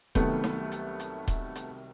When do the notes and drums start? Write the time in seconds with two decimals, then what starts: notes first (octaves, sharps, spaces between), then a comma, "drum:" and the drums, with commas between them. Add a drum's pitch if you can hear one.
0.15 C2 C3 D#3 F#3 A3 B3, drum: kick D#1, hi-hat
0.44 drum: snare
0.72 drum: hi-hat
1.00 drum: hi-hat
1.28 drum: kick D#1, hi-hat
1.55 drum: hi-hat